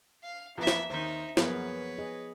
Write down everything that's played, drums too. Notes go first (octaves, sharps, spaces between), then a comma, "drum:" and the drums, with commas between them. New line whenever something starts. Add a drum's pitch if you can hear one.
F5
F2 E3 A#3 B3 E5
drum: snare
D#2 D#3 D#4 C5 E5
F#2 F3 A#3 B3 G#4 B4 C#5, drum: snare
G#4 D#5